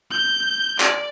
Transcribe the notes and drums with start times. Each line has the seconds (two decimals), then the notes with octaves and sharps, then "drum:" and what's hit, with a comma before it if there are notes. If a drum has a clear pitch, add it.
0.11 G6
0.80 D5, drum: clap